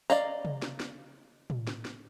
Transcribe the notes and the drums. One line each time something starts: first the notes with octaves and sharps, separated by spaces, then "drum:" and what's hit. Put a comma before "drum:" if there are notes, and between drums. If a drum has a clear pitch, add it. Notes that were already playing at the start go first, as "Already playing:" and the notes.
D5 D#5 F5 A#5, drum: tambourine
drum: tom C3
drum: snare
drum: snare
drum: tom
drum: snare
drum: snare